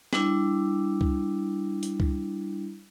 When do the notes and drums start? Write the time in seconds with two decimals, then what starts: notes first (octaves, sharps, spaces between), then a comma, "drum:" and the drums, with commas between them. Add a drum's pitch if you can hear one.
0.13 G3 D4 E4, drum: snare
1.01 drum: kick C#2
1.83 drum: hi-hat
2.00 drum: kick C#2